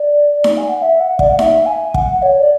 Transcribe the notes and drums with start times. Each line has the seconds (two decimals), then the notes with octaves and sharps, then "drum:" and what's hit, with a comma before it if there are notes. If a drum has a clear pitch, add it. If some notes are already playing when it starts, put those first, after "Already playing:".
Already playing: D5
0.44 drum: snare D#4
0.57 G#5
0.69 F#5
0.82 E5
1.00 F#5
1.19 D5, drum: kick
1.29 F#5
1.39 E5, drum: snare D#4
1.66 G#5
1.94 F#5, drum: kick
2.22 C#5
2.40 D5